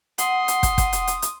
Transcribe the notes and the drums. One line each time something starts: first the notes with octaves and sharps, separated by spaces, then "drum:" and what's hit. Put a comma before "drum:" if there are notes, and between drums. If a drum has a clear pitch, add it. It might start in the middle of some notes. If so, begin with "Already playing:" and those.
F#5 C6 D#6, drum: hi-hat
drum: hi-hat
drum: kick, hi-hat
drum: kick, hi-hat
drum: hi-hat
drum: hi-hat
drum: hi-hat